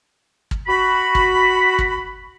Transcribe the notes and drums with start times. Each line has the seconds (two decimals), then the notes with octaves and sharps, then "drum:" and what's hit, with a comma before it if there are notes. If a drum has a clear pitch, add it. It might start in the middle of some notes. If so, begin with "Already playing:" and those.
0.51 drum: kick
0.67 F#4 B5
1.15 drum: kick
1.79 drum: kick